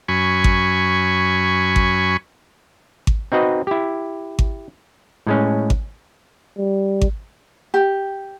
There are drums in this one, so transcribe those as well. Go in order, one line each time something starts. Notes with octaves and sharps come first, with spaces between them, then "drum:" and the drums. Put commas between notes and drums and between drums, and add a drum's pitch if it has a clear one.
F#2 G#5 B5 C#6
drum: kick G#1
drum: kick G#1
drum: kick G#1
C4 D#4 F#4 B4 D#5
E4 G4
drum: kick G#1
A2 G#3 C#4
drum: kick G#1
G3
drum: kick G#1
G4